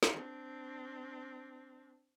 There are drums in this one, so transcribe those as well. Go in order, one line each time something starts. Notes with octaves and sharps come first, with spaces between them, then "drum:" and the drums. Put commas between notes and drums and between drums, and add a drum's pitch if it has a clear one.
drum: snare
C4 D4